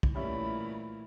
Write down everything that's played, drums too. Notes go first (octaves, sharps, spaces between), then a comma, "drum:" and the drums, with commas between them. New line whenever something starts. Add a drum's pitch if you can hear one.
drum: kick
A#2 E3 G3 A3 C#4 E4 B5